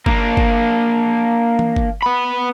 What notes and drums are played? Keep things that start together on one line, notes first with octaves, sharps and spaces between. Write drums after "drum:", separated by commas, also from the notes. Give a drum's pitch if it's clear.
A#3 D4, drum: kick G1
drum: kick G1
drum: tom E3
drum: kick G1
B3 B5